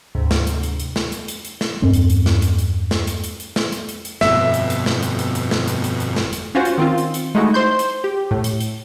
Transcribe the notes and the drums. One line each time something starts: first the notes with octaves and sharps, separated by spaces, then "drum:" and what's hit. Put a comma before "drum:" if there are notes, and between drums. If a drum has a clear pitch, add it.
D2 G#2 C3
drum: snare
drum: hi-hat
drum: hi-hat
drum: hi-hat
drum: snare
drum: hi-hat
drum: hi-hat
drum: hi-hat
drum: snare
E2 G2 C4 C#4
drum: hi-hat
drum: hi-hat
drum: snare
drum: hi-hat
drum: hi-hat
drum: snare
drum: hi-hat
drum: hi-hat
drum: hi-hat
drum: snare
drum: hi-hat
drum: hi-hat
drum: hi-hat
G1 F2 B2 E5, drum: snare
drum: hi-hat
drum: hi-hat
drum: snare
drum: hi-hat
drum: hi-hat
drum: hi-hat
drum: snare
drum: hi-hat
drum: hi-hat
drum: hi-hat
drum: snare
drum: hi-hat
C#4 F4 F#4 C5
drum: hi-hat
D#3 C4 F4
drum: hi-hat
drum: hi-hat
G#3 A3 D#4 E4 F#4
C5 C6 G6
drum: hi-hat
G4
A2
drum: hi-hat
drum: hi-hat